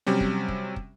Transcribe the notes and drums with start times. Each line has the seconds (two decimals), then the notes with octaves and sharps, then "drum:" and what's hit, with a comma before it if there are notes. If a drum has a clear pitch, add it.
0.07 C3 F#3 G3 C#4
0.20 drum: kick
0.48 drum: kick
0.76 drum: kick